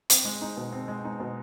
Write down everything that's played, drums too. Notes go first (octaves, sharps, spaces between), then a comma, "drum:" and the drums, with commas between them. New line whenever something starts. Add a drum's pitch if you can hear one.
C4, drum: hi-hat
G#3
D#4
B2
C4
G#3
D#4
B2